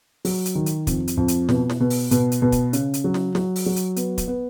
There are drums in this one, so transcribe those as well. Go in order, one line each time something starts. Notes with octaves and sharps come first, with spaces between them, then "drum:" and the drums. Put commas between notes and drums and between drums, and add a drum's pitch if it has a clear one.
F#3, drum: open hi-hat
drum: hi-hat
D#3
drum: hi-hat
F2, drum: kick, hi-hat
drum: hi-hat
F2
drum: hi-hat
B2, drum: snare
drum: snare
B2
drum: open hi-hat
B2, drum: hi-hat
drum: hi-hat
B2
drum: kick, hi-hat
C#3, drum: hi-hat
drum: hi-hat
F#3
drum: snare
F#3, drum: snare
drum: open hi-hat
F#3
drum: hi-hat
B3, drum: hi-hat
drum: kick, hi-hat
B3